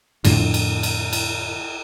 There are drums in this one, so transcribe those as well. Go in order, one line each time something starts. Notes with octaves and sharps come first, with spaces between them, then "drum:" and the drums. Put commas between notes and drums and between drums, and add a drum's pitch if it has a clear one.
F2 A2 D3, drum: cymbal
drum: cymbal
drum: cymbal
drum: cymbal